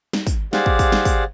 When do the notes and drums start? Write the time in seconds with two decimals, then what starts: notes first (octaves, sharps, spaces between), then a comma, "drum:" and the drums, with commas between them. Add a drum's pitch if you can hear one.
0.13 drum: snare
0.27 drum: kick, tambourine
0.53 G4 G#4 C5 D5 F5 F#5, drum: snare
0.66 drum: kick
0.79 drum: kick, tambourine
0.92 drum: snare
1.05 drum: kick, tambourine